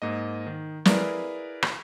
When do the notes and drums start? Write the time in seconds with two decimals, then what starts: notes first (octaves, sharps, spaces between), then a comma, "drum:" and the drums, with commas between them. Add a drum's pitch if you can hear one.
0.02 G#2 A#3 D#5
0.47 D#3
0.85 E4 G#4 A#4 B4 D5 F5, drum: snare
1.62 drum: rim click